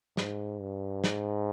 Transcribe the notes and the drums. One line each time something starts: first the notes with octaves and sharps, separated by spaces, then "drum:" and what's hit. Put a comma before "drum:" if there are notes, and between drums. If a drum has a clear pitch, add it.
G#2, drum: snare
G2
G#2, drum: snare